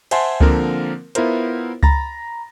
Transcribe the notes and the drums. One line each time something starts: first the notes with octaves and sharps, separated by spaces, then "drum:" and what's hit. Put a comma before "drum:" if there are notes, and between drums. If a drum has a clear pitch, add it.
C5 E5 F#5 G#5 A5 C6, drum: cymbal
D3 F3 A#3 C4 A#4, drum: kick C#2
B3 E4 F4 A#4 C5, drum: hi-hat
A#5 B5 A6 A#6, drum: kick C#2